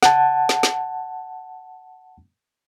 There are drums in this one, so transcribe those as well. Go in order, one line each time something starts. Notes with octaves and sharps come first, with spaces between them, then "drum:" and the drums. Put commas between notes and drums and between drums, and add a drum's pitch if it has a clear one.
F#5 A5, drum: snare
drum: snare
drum: snare